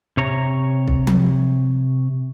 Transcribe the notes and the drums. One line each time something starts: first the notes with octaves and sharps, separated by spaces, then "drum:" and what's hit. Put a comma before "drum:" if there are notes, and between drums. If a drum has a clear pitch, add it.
C3 C#5 A#5
drum: kick B1
drum: tom F3